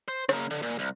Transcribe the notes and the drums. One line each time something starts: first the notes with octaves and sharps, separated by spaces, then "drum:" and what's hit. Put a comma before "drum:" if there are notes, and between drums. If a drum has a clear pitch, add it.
C5
C#3 A#3, drum: rim click
D3
A#2
C2